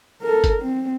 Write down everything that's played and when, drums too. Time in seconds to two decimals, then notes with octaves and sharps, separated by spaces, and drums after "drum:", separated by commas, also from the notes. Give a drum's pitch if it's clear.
0.22 A4 A#4
0.44 drum: kick G1, hi-hat
0.62 C4